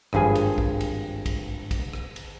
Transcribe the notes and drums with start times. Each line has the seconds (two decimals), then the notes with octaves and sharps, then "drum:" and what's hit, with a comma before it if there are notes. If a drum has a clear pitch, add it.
0.13 G#1 G2 F3 G#4 G#5, drum: rim click
0.35 drum: cymbal
0.58 drum: kick
0.81 drum: cymbal
1.26 drum: kick, cymbal
1.71 drum: kick, cymbal
1.93 drum: rim click
2.16 drum: cymbal